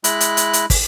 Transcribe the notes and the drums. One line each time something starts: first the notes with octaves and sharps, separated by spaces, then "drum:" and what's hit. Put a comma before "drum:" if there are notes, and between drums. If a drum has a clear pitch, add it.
G#3 E4 D#5 B5 F#6, drum: hi-hat
drum: hi-hat
drum: hi-hat
drum: hi-hat
drum: kick, open hi-hat